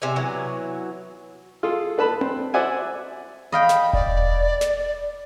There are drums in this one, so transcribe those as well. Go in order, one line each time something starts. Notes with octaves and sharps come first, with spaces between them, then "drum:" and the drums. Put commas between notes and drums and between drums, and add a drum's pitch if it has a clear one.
C3 E5 G#5
E3 F#3 B3 F#4
F4 G#4 A4
D4 B4 A5 B5
C4, drum: tom C4
C5 D5 E5 F#5 G#5
D#5 F5 G5 B5
drum: snare
D5, drum: kick E1
drum: snare